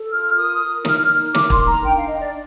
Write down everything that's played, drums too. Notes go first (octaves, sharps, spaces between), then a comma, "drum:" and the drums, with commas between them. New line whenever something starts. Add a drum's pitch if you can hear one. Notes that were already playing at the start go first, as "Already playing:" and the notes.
Already playing: A4
F4 F6
A#4 D#6
A#4
D#4 F6, drum: snare
D#4
A#4 D6, drum: snare
C6, drum: kick
D#4
A#5
D4 G5
F5
D4 D#5
D5